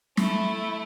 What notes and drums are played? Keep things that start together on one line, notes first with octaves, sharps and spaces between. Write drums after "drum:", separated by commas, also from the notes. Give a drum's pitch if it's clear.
A3 E4, drum: snare